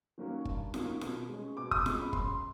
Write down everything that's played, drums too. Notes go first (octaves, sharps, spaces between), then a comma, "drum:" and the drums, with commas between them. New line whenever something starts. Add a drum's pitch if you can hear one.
D#3 F#3 A#3 C#4
G2, drum: kick
D#3 F#3 A#3 C#4, drum: snare F4
B2, drum: snare F4
G#3 C#4
B2 D6
D#6, drum: kick
G#3 C#4, drum: snare F4
B5
F#2 C6, drum: kick